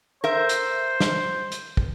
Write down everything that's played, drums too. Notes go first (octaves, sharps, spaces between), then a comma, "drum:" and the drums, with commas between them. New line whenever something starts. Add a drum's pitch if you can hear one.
A#4 C5 E5
drum: hi-hat
drum: snare
drum: hi-hat
drum: kick